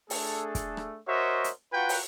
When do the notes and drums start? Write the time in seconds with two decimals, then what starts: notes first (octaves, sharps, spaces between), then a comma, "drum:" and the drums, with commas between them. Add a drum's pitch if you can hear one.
0.10 A3 D4 G#4 A4, drum: open hi-hat
0.55 drum: kick, hi-hat
0.77 drum: rim click
1.07 F#4 A#4 C5 C#5 D#5 E5
1.44 drum: hi-hat
1.73 F4 F#4 B4 F#5 G5 A#5
1.89 drum: open hi-hat